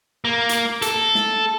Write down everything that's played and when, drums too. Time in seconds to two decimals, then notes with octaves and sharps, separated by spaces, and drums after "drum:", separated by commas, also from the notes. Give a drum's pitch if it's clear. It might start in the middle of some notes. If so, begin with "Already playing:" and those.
0.25 A#3
0.49 drum: hi-hat
0.82 A4, drum: hi-hat
1.15 drum: snare